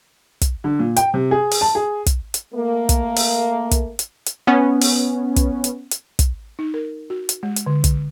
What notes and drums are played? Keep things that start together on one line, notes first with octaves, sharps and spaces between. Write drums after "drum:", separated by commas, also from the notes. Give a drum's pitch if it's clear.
drum: kick, hi-hat
D3
A#2
G5, drum: hi-hat
C3
G#4
drum: open hi-hat
A5
G#4
drum: kick, hi-hat
drum: hi-hat
A3 A#3
drum: kick, hi-hat
drum: open hi-hat
drum: kick, hi-hat
drum: hi-hat
drum: hi-hat
B3 C#4
drum: open hi-hat
drum: kick, hi-hat
drum: hi-hat
drum: hi-hat
drum: kick, hi-hat
D#4
A#4
F#4
drum: hi-hat
G#3
drum: hi-hat
D3
drum: kick, hi-hat